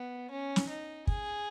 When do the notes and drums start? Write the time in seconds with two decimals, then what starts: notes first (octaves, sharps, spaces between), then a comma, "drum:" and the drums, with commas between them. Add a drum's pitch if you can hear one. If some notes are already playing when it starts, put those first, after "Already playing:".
Already playing: B3
0.31 C#4
0.56 drum: snare
0.69 D#4
1.07 G#4, drum: kick